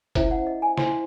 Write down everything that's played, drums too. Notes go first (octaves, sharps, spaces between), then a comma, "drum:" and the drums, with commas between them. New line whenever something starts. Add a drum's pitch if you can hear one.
C#4 E4 C5 E5, drum: kick F#1, hi-hat
F#5
D#5
G#5
E4 C5 C6, drum: snare